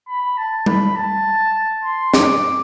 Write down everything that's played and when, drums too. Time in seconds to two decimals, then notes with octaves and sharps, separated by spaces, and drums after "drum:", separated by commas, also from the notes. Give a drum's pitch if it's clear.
0.08 B5
0.38 A5
0.66 B5, drum: tom G3
0.96 A5
1.84 C6
2.14 D6, drum: snare